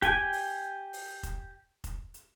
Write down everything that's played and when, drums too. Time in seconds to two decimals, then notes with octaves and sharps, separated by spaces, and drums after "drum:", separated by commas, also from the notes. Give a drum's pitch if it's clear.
0.02 G4 G5 G#5, drum: kick F1, hi-hat
0.33 drum: open hi-hat
0.93 drum: open hi-hat
1.23 drum: kick F1, hi-hat
1.84 drum: kick F1, hi-hat
2.14 drum: hi-hat